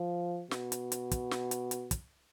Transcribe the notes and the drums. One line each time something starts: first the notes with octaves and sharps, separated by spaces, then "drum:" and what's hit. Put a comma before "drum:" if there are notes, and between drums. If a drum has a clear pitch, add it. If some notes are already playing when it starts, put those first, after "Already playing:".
Already playing: F3
B2, drum: snare
drum: hi-hat
drum: hi-hat
drum: kick, hi-hat
drum: snare
drum: hi-hat
drum: hi-hat
drum: kick, hi-hat